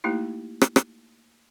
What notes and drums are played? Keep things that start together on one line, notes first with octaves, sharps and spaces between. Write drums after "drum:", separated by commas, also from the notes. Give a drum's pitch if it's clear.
A3 A#3 D#4 E4 G4
drum: rim click
drum: rim click